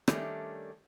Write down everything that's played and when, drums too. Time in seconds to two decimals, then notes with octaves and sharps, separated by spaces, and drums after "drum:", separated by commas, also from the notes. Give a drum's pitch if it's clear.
0.08 D#3 G3 A3 C#4 D4, drum: rim click